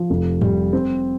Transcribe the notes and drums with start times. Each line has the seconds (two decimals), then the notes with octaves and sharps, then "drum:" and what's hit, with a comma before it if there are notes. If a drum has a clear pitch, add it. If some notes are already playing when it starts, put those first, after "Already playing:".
Already playing: F3
0.10 F1
0.41 G3, drum: tom G#2
0.73 C4